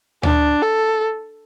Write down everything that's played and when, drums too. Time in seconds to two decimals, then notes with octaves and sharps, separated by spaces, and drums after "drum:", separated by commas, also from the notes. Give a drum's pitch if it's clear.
0.23 D4, drum: tom D2
0.62 A4